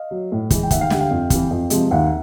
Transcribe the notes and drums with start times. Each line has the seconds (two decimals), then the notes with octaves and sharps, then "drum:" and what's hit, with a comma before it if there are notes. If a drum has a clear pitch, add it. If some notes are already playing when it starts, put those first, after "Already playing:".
Already playing: D#5 F5
0.11 F#3
0.32 A2
0.50 E3 G#3, drum: kick, hi-hat
0.63 G5
0.71 D#2 E5 F#5, drum: kick, hi-hat
0.81 F5 G5
0.90 D3 G3 E5 F#5, drum: snare
1.00 F5 G5
1.10 F2
1.30 C3 E3, drum: kick, hi-hat
1.51 F2
1.70 C3 F3 G#3, drum: hi-hat
1.91 D#2 E5 F#5